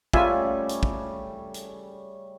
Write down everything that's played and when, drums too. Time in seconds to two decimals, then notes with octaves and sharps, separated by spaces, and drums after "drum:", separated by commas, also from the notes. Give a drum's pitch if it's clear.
0.13 C#3 G3 A3 F4 E5 G#5, drum: kick
0.69 drum: hi-hat
0.83 drum: kick
1.54 drum: hi-hat